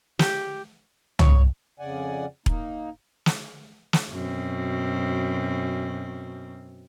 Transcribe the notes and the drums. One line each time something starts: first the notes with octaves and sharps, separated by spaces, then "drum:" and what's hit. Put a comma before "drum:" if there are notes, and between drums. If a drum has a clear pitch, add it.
G4, drum: snare
C#5, drum: tom
F2 C#3 D5 F#5 G#5
A#3 D#4, drum: kick E1
drum: snare
drum: snare
F#2 B2 C4